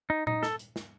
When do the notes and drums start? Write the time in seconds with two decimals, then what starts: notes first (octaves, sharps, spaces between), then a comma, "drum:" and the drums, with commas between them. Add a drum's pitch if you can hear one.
0.10 D#4
0.27 D#4, drum: tom A#2
0.43 A4, drum: snare
0.59 drum: hi-hat
0.76 drum: snare